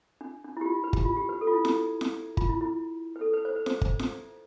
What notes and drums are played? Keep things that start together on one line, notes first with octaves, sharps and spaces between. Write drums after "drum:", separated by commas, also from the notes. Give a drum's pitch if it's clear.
D4
D4
E4
G4
F4
B4
G4, drum: kick G1
F4
G4
B4
A4
F4
E4
E4, drum: snare
drum: snare
F4, drum: kick G1
E4
E4
B4
A4
B4
C5
B4
C5, drum: snare
C5, drum: kick G1
drum: snare